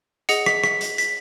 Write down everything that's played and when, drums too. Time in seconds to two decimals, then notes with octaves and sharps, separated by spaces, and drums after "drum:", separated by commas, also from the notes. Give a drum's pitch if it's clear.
0.29 G#4 D#5 F#5 C#7, drum: hi-hat
0.46 B6, drum: rim click
0.64 B6, drum: rim click
0.81 drum: hi-hat
0.98 B6, drum: hi-hat